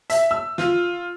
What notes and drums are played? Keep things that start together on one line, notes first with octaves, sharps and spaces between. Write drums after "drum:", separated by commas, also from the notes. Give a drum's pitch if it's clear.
E5, drum: hi-hat
E6
F4, drum: snare